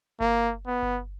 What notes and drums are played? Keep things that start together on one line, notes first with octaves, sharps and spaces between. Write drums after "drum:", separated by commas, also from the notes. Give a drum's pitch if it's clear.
A#3, drum: kick G1
B3
drum: kick G1